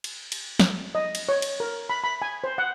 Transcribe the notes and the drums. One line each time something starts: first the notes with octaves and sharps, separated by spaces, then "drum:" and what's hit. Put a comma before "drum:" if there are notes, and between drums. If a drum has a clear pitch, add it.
drum: cymbal
drum: cymbal
drum: snare
D#5
drum: cymbal
C#5
drum: cymbal
A#4
B5
B5
G#5
C5
F#5